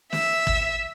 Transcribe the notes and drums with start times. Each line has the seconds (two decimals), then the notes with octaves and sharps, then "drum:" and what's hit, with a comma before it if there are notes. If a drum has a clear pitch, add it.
0.13 E5, drum: snare
0.47 drum: kick